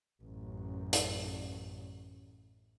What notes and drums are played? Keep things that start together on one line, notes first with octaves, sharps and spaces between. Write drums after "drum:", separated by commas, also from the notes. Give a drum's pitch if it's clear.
A1 F#2
drum: hi-hat